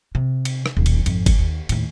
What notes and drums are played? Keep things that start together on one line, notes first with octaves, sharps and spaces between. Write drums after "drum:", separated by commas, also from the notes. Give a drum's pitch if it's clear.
C3
drum: cymbal
drum: rim click
D#1 B1
drum: cymbal
G#1 F2, drum: cymbal
drum: kick G1, cymbal
D#2
D#2 A2, drum: cymbal